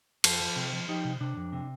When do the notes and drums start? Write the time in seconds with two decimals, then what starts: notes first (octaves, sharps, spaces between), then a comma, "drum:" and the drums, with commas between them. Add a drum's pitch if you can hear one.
0.24 F2 F4 A4, drum: cymbal
0.40 F3
0.56 C3
0.73 F3
0.88 F3 D#4 G4
1.05 C3
1.20 C3 D4
1.37 F2
1.53 C3